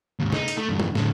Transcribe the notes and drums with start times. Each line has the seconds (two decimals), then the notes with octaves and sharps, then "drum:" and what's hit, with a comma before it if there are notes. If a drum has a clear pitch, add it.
0.19 D#2 G#2
0.32 D#4, drum: snare
0.48 drum: hi-hat
0.57 A3
0.69 E2 G2
0.80 drum: tom G3
0.95 A2 D3, drum: snare